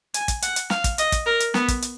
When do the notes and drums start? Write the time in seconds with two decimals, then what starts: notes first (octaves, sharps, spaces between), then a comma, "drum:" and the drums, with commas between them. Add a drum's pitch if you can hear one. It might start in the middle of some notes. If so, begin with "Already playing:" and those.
0.14 G#5, drum: hi-hat
0.28 drum: kick, hi-hat
0.42 F#5, drum: hi-hat
0.56 drum: hi-hat
0.70 F5, drum: snare
0.84 drum: kick, hi-hat
0.98 D#5, drum: hi-hat
1.12 drum: kick, hi-hat
1.26 A#4
1.40 drum: hi-hat
1.54 B3, drum: snare
1.68 drum: kick, hi-hat
1.82 drum: hi-hat